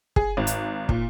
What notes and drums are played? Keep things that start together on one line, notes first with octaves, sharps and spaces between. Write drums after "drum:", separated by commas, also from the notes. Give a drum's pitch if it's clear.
G#4, drum: kick
G#1
drum: hi-hat
A#2, drum: kick